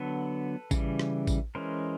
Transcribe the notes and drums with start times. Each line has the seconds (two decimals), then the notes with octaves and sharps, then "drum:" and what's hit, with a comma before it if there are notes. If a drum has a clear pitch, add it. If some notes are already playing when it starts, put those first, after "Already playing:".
Already playing: D3 F#3 B3 A4 B4
0.71 C#3 E3 G3, drum: kick A1, tambourine
0.99 drum: rim click
1.27 drum: kick A1, tambourine
1.55 E3 G#3 C#4 A#4 C5